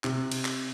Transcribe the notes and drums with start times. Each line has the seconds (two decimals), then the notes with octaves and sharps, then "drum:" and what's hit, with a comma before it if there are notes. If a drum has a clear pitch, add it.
0.04 C3, drum: clap
0.32 drum: cymbal
0.45 drum: clap